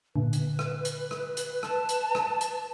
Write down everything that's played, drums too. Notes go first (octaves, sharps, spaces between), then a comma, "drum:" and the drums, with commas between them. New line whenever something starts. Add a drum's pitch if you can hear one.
A#2 D3 B4
drum: hi-hat
drum: rim click
drum: hi-hat
drum: rim click
drum: hi-hat
A5, drum: rim click
drum: hi-hat
drum: rim click
drum: hi-hat